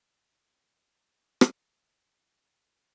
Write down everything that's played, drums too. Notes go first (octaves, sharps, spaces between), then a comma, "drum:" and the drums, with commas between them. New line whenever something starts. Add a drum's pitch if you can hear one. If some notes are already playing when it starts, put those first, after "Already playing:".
D4 E4 F5 A#6 D7
drum: rim click
A#5 D7